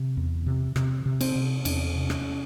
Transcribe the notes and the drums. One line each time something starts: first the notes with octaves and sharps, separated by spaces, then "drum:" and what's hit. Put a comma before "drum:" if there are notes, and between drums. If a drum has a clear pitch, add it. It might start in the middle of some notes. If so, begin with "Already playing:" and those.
Already playing: C3
E2
C3
C3, drum: rim click
C3
C4, drum: cymbal
C3
E2 C#4, drum: cymbal
C3
C#4, drum: rim click